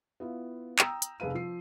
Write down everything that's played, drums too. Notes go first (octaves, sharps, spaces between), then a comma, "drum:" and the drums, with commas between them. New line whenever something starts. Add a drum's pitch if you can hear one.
B3 E4 F4
G5 A#5 D#6 E6, drum: clap
drum: hi-hat
F1 G#4 B4 F5 D#7
F3 C7